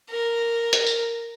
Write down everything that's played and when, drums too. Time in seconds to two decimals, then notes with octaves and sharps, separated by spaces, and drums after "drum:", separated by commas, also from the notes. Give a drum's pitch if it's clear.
0.10 A#4
0.73 drum: hi-hat
0.86 drum: tambourine